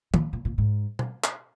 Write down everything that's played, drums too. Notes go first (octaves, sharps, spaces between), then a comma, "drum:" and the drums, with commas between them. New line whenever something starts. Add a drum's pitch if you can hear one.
A#2, drum: tom
A#2
A#2
G#2
drum: tom B2
drum: clap